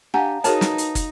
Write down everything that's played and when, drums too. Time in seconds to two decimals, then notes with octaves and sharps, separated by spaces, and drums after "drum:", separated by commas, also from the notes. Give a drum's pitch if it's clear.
0.14 D4 G4 F5 F#5 G#5 A#5
0.44 D#4 F#4 G#4 A#4 B4 C#5 A5, drum: hi-hat
0.61 drum: snare
0.78 drum: hi-hat
0.95 drum: kick, hi-hat